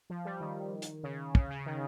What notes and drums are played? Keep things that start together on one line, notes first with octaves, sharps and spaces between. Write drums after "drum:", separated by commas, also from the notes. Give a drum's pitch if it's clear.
F3
G3
D#3
drum: hi-hat
C#3
C#3, drum: kick
C#3
D#3